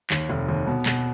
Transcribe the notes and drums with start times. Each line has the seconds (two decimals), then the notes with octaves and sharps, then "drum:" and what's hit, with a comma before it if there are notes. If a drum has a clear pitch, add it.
0.10 D#2, drum: clap
0.30 F1
0.48 D#2
0.67 B2
0.86 B2, drum: clap